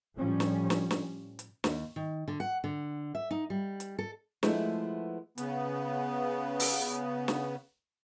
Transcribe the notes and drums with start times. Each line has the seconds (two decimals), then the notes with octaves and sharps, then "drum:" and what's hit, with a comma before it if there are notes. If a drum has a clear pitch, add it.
0.15 A2 F3 G3 C#4
0.40 drum: snare
0.70 drum: snare
0.91 drum: snare
1.39 drum: hi-hat
1.64 D#2, drum: snare
1.96 D#3
2.28 D3
2.40 F#5
2.64 D3
3.15 E5
3.31 D#4
3.50 G3
3.80 drum: hi-hat
3.99 A4
4.43 F3 G#3 A3 B3 E4, drum: snare
5.38 C#3 B3, drum: hi-hat
6.60 drum: open hi-hat
7.28 drum: snare